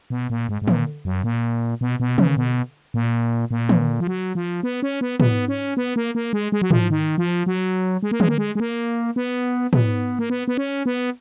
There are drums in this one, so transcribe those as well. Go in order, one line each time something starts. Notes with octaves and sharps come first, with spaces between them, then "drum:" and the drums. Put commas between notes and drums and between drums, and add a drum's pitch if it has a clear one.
B2
A#2
G#2
G#2
A#2, drum: tom
F#2
A#2
B2
B2
C#3, drum: tom
B2
A#2
A#2
drum: tom
F3
F#3
F3
B3
C#4
B3
B3, drum: tom
C#4
B3
A#3
A#3
G#3
G#3
F#3
F3, drum: tom
D#3
F3
F#3
G#3
A#3
G#3, drum: tom
A#3
G#3
G#3
A#3
B3
B3, drum: tom
A#3
B3
B3
C#4
B3